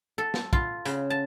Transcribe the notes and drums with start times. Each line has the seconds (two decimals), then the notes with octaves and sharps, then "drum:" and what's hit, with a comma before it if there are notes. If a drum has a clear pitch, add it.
0.18 A4
0.34 drum: snare
0.53 F4, drum: kick
0.85 C#3, drum: hi-hat
1.10 A5